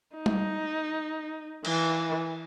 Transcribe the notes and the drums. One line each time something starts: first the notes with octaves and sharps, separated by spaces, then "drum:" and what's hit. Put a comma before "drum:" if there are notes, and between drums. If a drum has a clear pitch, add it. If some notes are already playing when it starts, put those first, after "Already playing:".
D#4
drum: tom G3
E3, drum: cymbal